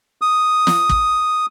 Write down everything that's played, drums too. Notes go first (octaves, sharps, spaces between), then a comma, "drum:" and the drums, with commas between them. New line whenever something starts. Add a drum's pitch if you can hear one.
D#6
drum: snare
drum: kick